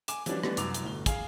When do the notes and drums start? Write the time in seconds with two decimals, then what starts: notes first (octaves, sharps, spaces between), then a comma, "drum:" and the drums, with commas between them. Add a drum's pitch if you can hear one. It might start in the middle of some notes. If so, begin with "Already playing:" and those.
0.08 G#5 D6 E7, drum: hi-hat
0.26 E3 F3 G3 C#4 D4 F#4, drum: hi-hat
0.43 E3 G3 A3 B3 D4, drum: rim click
0.57 C2 F#2 D6 F7, drum: hi-hat
0.74 drum: hi-hat
0.84 G1 A2 G7
1.06 G#4 F5, drum: kick, hi-hat